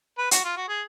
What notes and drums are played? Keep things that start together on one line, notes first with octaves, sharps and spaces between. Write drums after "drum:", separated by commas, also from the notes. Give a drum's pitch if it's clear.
B4
F#4, drum: hi-hat
F4
F#4
G#4